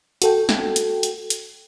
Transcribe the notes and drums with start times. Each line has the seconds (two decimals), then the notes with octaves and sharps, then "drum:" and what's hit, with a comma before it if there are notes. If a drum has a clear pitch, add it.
0.22 F#4 A4 G5, drum: hi-hat
0.49 drum: snare
0.76 drum: hi-hat
1.03 drum: hi-hat
1.30 drum: hi-hat